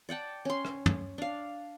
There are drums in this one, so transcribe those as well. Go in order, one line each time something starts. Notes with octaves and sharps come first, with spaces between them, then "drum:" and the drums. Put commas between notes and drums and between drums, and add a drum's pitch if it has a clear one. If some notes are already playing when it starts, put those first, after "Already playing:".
D5 F#5 G5 A5
C#4 C6
drum: rim click
drum: tom
D4 F5